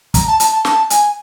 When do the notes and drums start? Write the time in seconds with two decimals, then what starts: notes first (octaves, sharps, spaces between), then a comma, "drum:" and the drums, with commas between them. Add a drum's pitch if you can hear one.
0.14 A#5, drum: kick, hi-hat
0.27 A5
0.40 A5, drum: hi-hat
0.52 A5
0.65 A5, drum: snare
0.90 G#5, drum: hi-hat